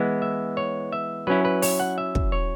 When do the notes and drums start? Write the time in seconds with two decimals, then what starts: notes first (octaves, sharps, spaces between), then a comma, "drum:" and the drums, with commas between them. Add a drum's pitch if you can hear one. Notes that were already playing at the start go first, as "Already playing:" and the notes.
Already playing: E3 G#3 B3 E4
0.22 E5
0.57 C#5
0.92 E5
1.27 F#3 C#4 E4 B4
1.45 B4
1.62 C#5, drum: open hi-hat
1.80 F#5
1.98 E5
2.15 drum: kick
2.32 C#5